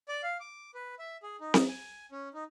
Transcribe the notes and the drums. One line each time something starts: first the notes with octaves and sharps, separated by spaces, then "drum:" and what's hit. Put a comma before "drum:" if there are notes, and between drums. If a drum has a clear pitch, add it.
D5
F5
D6
B4
E5
G#4
D#4
drum: snare C4
G#5
C#4
D#4